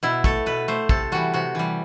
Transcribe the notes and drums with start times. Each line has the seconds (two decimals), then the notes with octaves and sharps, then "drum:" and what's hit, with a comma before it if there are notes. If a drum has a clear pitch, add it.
0.03 B2 E4
0.24 A3 A4, drum: kick
0.46 B2 B4
0.68 A3 C5
0.89 C3 A4, drum: kick
1.12 E3 G3 F#4
1.33 C3 F#4
1.55 E3 G3